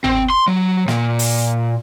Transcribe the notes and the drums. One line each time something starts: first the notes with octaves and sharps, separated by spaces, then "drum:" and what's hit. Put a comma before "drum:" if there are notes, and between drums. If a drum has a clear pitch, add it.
C4, drum: tom G1
C6
F#3
A#2, drum: snare
drum: open hi-hat